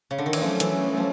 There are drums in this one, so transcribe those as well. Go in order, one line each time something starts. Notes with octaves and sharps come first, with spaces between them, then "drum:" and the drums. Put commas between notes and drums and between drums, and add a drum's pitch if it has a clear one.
C#3
D3
D#3
E3, drum: cymbal
F3 F#3 A3 C#4
E3, drum: hi-hat
F3